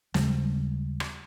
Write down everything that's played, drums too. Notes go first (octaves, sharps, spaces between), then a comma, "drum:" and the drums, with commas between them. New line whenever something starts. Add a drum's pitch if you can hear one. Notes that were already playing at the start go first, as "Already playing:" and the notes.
D#2 C#3 G3 G#3, drum: snare
drum: rim click